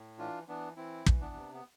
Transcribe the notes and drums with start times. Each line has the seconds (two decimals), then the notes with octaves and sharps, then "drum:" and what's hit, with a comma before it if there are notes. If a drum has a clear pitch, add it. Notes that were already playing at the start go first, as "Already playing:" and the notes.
Already playing: A2
0.19 E3 D4 F4
0.48 E3 B3 D4
0.76 E3 C4 E4
1.06 E3, drum: kick
1.21 B3 D4
1.35 C3
1.53 B3